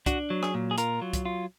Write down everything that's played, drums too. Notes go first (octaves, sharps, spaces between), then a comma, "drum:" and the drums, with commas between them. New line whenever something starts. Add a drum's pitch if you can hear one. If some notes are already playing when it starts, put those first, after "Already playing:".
D4 F#4, drum: kick, hi-hat
F#3
G#4, drum: rim click
A#2
G#4
F4 A#4, drum: hi-hat
F#3
drum: kick, hi-hat
F4